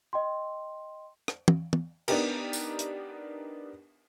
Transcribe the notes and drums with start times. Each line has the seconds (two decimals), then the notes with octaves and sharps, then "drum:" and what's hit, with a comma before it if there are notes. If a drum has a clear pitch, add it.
0.13 D#5 G5 C6
1.28 drum: rim click
1.48 drum: tom
1.73 drum: tom
2.08 B3 D4 D#4 G4 A#4, drum: cymbal
2.53 drum: tambourine
2.79 drum: hi-hat